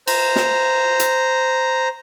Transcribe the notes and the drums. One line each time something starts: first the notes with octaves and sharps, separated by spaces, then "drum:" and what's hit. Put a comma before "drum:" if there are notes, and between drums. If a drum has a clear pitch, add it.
C5 A#5, drum: cymbal
drum: snare
drum: hi-hat